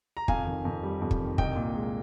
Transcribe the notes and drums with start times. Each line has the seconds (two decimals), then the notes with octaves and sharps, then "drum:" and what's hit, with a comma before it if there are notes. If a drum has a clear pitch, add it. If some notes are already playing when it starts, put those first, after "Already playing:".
0.17 A#5
0.28 F2 F5 G#5, drum: kick
0.46 D#3
0.65 F2
0.83 G3
1.01 F2
1.11 drum: kick
1.20 D#3
1.38 C2 D#5 G5, drum: kick
1.56 A#2
1.75 G#3